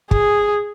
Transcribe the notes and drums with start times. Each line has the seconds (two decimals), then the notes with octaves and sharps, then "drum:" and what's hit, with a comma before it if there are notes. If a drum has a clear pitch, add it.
0.11 G#4, drum: kick